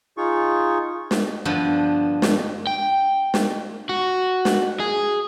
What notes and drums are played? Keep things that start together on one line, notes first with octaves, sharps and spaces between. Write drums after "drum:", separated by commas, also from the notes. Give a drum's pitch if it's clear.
D#4 F4 G#4 C#6
drum: snare
G2 D3 F3 B3
drum: snare
G5
drum: snare
F#4
drum: snare
G#4